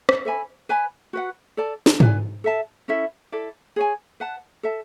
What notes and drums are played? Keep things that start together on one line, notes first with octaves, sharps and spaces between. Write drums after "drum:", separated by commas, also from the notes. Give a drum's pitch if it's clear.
drum: rim click
A4 E5 G#5 B5
B4 D5 G#5 B5
F#4 B4 F#5
A4 D5 A5
drum: snare
E4 B4 D5 G#5, drum: tom G#2
A4 E5 A5
C#4 E4 A4 E5
E4 A4 D5
G#4 C#5 G#5
B4 F#5 A5
A4 E5 A5